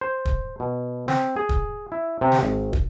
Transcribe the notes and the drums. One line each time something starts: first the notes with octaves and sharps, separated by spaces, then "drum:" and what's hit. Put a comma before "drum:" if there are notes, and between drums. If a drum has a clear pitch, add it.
C5
drum: kick
B2
C4, drum: snare
G#4
drum: kick
E4
C3
drum: snare
G#1
drum: kick